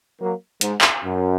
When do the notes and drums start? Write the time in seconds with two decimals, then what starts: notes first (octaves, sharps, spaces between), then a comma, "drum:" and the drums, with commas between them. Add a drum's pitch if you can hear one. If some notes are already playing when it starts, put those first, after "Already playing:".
0.19 F#3 A#3
0.61 G#2, drum: hi-hat
0.81 drum: clap
1.04 F#2